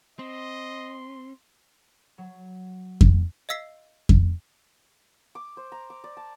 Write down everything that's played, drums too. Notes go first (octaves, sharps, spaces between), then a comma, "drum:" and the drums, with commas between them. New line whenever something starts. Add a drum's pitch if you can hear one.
C4 D#5 C6
F#3
drum: kick F2
D#5 F5 E6 B6 C7
drum: kick F2
D6
C5
A#5
D6
D5
A5